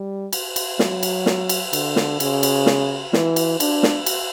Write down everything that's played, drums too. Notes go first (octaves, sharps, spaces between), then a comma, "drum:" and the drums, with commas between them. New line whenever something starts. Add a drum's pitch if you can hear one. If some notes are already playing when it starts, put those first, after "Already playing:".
Already playing: G3
drum: cymbal
drum: cymbal
F#3, drum: snare
drum: cymbal
drum: snare
drum: cymbal
D3, drum: cymbal
drum: snare
C#3, drum: cymbal
drum: cymbal
drum: snare
E3, drum: snare
drum: cymbal
D4, drum: cymbal
drum: snare
drum: cymbal